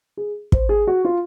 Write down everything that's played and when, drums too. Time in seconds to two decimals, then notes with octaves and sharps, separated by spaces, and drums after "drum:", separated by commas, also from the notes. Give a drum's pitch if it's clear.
0.17 G#4
0.52 C5, drum: kick
0.69 G#4
0.87 F#4
1.05 F4